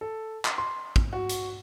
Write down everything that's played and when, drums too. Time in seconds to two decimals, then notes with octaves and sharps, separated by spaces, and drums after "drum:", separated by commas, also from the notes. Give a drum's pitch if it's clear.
0.01 A4
0.45 drum: clap
0.58 C6
0.96 drum: kick
1.13 F#4
1.29 drum: hi-hat